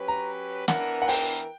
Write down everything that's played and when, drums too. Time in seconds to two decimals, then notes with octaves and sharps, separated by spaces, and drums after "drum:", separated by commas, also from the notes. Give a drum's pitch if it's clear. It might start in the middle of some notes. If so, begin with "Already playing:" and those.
Already playing: F#3 C#4 G4 B4
0.08 A#5
0.68 E3 B3 D4 A#4 F#5, drum: snare
1.02 F#5
1.08 G5, drum: open hi-hat